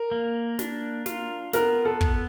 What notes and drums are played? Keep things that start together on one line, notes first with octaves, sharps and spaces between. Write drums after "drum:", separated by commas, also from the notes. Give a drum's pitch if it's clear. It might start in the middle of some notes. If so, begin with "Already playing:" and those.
Already playing: A#4
A#3
D4, drum: snare
F4, drum: snare
B3 A#4, drum: snare
A4
B3, drum: kick